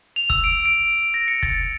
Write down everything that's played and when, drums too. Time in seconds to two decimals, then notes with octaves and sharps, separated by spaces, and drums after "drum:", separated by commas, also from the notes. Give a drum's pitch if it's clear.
0.16 F7
0.30 E6, drum: kick
0.44 D7
0.66 D7
1.14 A#6
1.28 C#7
1.43 A6, drum: kick